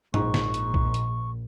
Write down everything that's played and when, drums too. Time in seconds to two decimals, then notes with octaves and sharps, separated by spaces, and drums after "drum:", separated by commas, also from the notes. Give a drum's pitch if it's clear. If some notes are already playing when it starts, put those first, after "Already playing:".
0.14 A#1 G#2 C#6, drum: tom G2
0.34 drum: snare
0.54 drum: hi-hat
0.74 drum: kick B1
0.94 drum: hi-hat